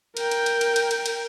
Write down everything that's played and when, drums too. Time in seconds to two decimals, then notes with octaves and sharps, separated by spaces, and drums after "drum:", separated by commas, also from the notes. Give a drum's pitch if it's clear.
0.17 A#4 G5, drum: cymbal
0.31 drum: cymbal
0.46 drum: cymbal
0.61 drum: cymbal
0.76 drum: cymbal
0.91 drum: cymbal
1.06 drum: cymbal